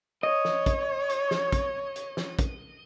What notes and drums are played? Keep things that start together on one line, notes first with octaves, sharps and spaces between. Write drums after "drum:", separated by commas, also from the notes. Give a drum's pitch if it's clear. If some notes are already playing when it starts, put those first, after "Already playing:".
C#5 D#5
drum: snare
drum: kick, hi-hat
drum: hi-hat
drum: snare
drum: kick, hi-hat
drum: hi-hat
drum: snare
drum: kick, hi-hat